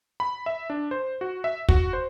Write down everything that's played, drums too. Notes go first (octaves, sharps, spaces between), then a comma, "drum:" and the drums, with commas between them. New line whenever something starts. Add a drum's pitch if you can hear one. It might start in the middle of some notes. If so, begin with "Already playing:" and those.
B5
E5
D4
C5
F#4
E5
F#4, drum: kick
C5